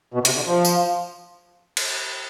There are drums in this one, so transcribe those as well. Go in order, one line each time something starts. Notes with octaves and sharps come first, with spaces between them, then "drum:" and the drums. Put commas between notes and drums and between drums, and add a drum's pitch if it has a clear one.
B2
C3, drum: hi-hat
D3
F3
drum: tambourine
drum: cymbal